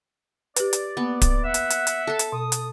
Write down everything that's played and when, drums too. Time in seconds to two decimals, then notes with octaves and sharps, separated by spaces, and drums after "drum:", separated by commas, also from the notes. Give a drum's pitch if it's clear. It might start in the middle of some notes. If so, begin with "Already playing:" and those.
0.56 G4 B4 D5, drum: hi-hat
0.73 drum: hi-hat
0.97 A#3 B3
1.21 drum: kick D1, hi-hat
1.45 E5 F#5
1.54 drum: hi-hat
1.70 drum: hi-hat
1.87 drum: hi-hat
2.07 A4 A5
2.19 drum: hi-hat
2.32 B2 D#6
2.52 drum: hi-hat